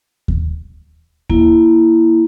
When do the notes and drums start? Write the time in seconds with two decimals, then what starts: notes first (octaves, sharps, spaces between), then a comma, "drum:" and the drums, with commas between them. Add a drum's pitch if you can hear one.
0.28 drum: kick D#2
1.30 A#3 E4, drum: kick D#2